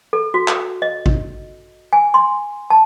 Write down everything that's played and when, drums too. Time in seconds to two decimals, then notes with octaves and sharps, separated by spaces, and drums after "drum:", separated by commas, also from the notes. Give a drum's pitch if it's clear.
0.13 A4
0.34 F#4
0.48 drum: clap
0.82 D#5
1.06 drum: kick G#1
1.93 G#5
2.14 C6
2.70 A5